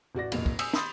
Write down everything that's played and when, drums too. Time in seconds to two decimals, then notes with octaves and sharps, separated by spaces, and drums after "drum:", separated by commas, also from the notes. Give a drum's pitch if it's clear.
0.15 A1 F#4 D5 A#6
0.32 F1 A#2 D#5, drum: cymbal
0.46 drum: kick
0.59 G#5 D#6 E6 G6 C#7, drum: cymbal
0.73 B5 C6 D#6 G6 A6, drum: snare